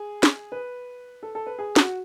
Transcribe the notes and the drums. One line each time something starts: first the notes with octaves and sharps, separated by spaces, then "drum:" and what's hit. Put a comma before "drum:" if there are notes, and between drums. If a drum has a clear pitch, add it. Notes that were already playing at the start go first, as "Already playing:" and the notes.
Already playing: G#4
drum: snare
B4
A4
A4
B4
G#4
F#4, drum: snare